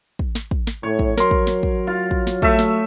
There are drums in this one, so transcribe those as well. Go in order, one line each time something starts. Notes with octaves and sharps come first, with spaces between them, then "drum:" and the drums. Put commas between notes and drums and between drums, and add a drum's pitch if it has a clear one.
drum: kick
drum: snare
drum: kick
drum: snare
A2 C#5
drum: kick
F#3 A#4 C6, drum: snare
drum: kick
drum: snare
drum: kick
F4
drum: kick
drum: snare
A3 E5, drum: kick
drum: snare